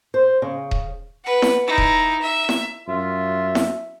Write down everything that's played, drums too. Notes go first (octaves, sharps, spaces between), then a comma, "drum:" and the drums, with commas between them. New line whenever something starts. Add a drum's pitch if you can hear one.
C5
C#3
drum: kick D#1
B4 F#5
drum: snare E4
D#4 E4
drum: kick D#1
E5
drum: snare E4
F#2 F4 E5
drum: snare E4